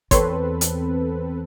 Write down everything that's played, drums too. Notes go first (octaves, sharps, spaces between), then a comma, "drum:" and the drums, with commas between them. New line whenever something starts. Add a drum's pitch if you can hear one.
E2 C4 A4 B4 C#5 C6, drum: kick, hi-hat
drum: hi-hat